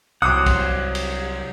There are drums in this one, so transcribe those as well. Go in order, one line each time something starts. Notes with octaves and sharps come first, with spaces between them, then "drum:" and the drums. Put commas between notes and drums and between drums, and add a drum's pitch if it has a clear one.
C2 F#3 C5 F#5 D6 D#6
drum: kick A#1, cymbal
drum: cymbal